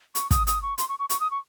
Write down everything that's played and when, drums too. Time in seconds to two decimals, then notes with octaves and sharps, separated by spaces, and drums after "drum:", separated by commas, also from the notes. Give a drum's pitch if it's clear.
0.15 C#6, drum: hi-hat
0.31 D#6, drum: kick, hi-hat
0.47 D#6, drum: hi-hat
0.62 C#6
0.78 C6, drum: hi-hat
0.89 C#6
0.99 C#6
1.10 C#6, drum: hi-hat
1.20 D#6
1.31 C#6